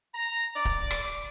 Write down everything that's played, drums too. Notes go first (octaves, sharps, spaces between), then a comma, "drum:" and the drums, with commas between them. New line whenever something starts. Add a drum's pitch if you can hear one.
A#5
D5
drum: kick D1
drum: rim click